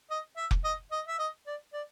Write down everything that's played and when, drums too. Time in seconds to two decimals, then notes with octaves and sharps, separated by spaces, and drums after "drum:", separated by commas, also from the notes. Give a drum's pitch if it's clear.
0.10 D#5
0.37 E5
0.51 drum: kick F1
0.64 D#5
0.92 D#5
1.08 E5
1.19 D#5
1.47 D5
1.73 D5